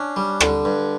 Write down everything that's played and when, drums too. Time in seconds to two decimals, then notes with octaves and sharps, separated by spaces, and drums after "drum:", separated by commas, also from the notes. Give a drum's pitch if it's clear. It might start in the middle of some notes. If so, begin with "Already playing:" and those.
Already playing: C#4 D4
0.16 G3
0.40 D3, drum: rim click
0.65 G2